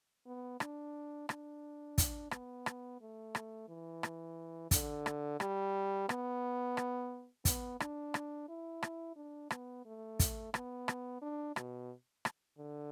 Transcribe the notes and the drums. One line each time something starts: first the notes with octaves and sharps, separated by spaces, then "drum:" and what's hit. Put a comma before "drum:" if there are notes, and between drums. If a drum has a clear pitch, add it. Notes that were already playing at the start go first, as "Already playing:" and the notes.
B3
D4, drum: rim click
D4, drum: rim click
drum: kick, hi-hat
B3, drum: rim click
drum: rim click
A3
drum: rim click
E3
drum: rim click
D3, drum: kick, hi-hat
drum: rim click
G3, drum: rim click
B3, drum: rim click
drum: rim click
B3, drum: kick, hi-hat
D4, drum: rim click
drum: rim click
E4
drum: rim click
D4
B3, drum: rim click
A3
drum: kick, hi-hat
B3, drum: rim click
drum: rim click
D4
B2, drum: rim click
drum: rim click
D3